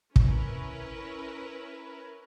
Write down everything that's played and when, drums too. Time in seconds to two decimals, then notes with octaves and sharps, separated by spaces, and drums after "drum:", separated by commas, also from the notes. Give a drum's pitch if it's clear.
0.16 C#4 E4 A#4 B4, drum: kick